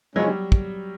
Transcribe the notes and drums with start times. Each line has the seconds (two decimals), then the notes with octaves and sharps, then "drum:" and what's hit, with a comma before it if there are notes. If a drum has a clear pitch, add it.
0.15 C#3 F3 F#3 G#3 C#4
0.28 G3
0.52 drum: kick